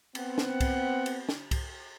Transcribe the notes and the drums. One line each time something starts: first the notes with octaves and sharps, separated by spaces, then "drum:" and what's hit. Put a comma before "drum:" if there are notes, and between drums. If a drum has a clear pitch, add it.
B3 C4 F#5, drum: cymbal
drum: snare
drum: kick C2, cymbal
drum: cymbal
drum: snare
drum: kick C2, cymbal